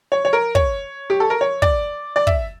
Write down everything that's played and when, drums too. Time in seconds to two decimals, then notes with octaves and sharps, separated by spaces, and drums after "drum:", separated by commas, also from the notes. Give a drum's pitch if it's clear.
0.12 C#5
0.25 C#5
0.33 A#4
0.55 C#5, drum: kick
1.10 G4
1.20 A4
1.30 A#4
1.41 C#5
1.62 D5, drum: kick
2.16 D5
2.27 E5, drum: kick